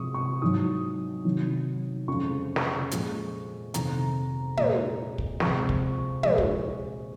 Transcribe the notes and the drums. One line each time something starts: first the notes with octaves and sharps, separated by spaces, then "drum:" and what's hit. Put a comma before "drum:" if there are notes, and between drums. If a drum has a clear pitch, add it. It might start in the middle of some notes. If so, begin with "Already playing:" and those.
Already playing: C3 F3 G#3 C#6 D#6
C#6
G#2 F#3 D#6
C3 D#3 F#3
F2 C#3 F3 G#3 C#6
drum: snare
A#2 F3 G#3, drum: hi-hat
F2 C3 D#3 A#5, drum: hi-hat
A#2 G#3, drum: tom
drum: kick
C3 F3 G#3 C#6, drum: snare
drum: kick
A#2 F3 G#3, drum: tom
drum: kick